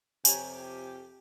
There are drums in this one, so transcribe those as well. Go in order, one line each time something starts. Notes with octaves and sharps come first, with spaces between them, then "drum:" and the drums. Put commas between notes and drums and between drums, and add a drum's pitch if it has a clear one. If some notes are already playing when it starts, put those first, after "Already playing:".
F2 C3 G4 C#5 G#5 A#5, drum: tambourine